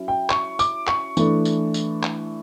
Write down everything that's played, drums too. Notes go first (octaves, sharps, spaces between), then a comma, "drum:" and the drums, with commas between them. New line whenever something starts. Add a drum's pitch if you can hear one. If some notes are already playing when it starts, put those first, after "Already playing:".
Already playing: F#3 C#4 E4
G5
C#6, drum: clap
D6, drum: tambourine
C#6, drum: clap
E3 A3 D4, drum: tambourine
drum: tambourine
drum: tambourine
drum: clap